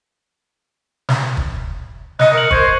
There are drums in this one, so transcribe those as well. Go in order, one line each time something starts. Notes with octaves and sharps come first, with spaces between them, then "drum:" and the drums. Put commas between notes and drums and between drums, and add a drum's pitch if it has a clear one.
drum: snare
drum: kick
D#5 F#6 C#7, drum: snare
A#4 C#7 F#7
C5 C#6 G#6 C#7, drum: kick